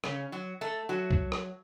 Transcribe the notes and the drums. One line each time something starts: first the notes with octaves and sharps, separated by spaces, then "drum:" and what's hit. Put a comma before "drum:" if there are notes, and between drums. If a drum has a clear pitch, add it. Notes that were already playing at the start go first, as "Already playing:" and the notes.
C#3 C#4, drum: rim click
F#3 F#4
A3 A4
F#3 F#4
drum: kick C2
drum: rim click